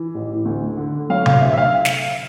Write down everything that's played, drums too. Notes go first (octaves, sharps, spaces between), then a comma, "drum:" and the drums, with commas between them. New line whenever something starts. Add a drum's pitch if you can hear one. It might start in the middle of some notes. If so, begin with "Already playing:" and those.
Already playing: E3
A1
D2
D3
F#3 F5
F5, drum: tom C3
D2 E5
E5
F5
drum: snare